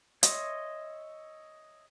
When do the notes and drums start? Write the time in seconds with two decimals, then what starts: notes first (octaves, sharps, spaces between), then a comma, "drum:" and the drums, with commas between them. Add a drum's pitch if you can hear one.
0.23 C#5 D#5 E5 C6, drum: hi-hat